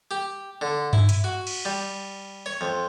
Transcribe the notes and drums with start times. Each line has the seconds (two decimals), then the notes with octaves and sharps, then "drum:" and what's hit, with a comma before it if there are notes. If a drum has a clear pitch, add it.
0.11 G4
0.61 D3
0.93 E4, drum: tom G2
1.09 drum: hi-hat
1.24 F#4
1.47 drum: cymbal
1.65 G3
2.46 C#5
2.61 F2